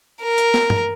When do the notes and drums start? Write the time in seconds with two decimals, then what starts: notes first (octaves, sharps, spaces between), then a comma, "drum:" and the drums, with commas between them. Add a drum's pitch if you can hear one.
0.22 A#4
0.38 drum: hi-hat
0.54 drum: snare
0.70 drum: tom G2